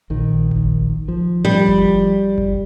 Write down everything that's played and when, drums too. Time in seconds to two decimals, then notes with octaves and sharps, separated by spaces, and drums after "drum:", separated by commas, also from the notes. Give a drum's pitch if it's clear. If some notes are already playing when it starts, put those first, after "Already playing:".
0.10 A#1 D#3
0.51 drum: kick F#1
1.08 F3
1.45 G3
1.68 drum: kick F#1
2.38 drum: kick F#1